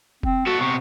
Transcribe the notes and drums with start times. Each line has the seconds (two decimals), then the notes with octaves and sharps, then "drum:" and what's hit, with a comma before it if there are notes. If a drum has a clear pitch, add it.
0.23 C4, drum: kick F1
0.47 B3 F#4 A4
0.60 C3 B3 C#6